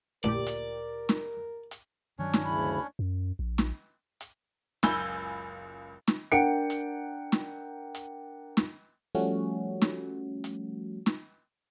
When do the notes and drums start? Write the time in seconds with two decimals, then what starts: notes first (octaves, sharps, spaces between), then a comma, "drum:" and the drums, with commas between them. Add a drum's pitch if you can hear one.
0.24 A1 D2 A#2 G4 A#4 D5
0.47 drum: hi-hat
1.09 drum: snare
1.71 drum: hi-hat
2.19 G2 D#3 F#3 C#4 D4 C#5
2.34 drum: snare
2.44 D2 C#3 E4 B5
2.99 F#2
3.39 A#1
3.58 drum: snare
4.21 drum: hi-hat
4.83 F#1 C#2 G#5 B5 E6 G6, drum: snare
6.08 drum: snare
6.32 D4 A#4 F#5 G5 C#7 D7
6.70 drum: hi-hat
7.32 drum: snare
7.95 drum: hi-hat
8.57 drum: snare
9.15 F3 G3 A3 C#4 F#4
9.82 drum: snare
10.44 drum: hi-hat
11.06 drum: snare